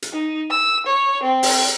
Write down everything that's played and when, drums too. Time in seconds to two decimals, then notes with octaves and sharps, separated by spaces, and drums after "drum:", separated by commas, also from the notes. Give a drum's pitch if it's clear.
0.02 drum: hi-hat
0.13 D#4
0.50 E6
0.86 C#5
1.23 C4
1.43 drum: open hi-hat